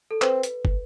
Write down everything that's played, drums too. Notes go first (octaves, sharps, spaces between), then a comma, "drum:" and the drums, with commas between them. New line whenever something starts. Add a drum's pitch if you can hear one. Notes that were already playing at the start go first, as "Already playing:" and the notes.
A4
C4 B4, drum: clap
drum: hi-hat
drum: kick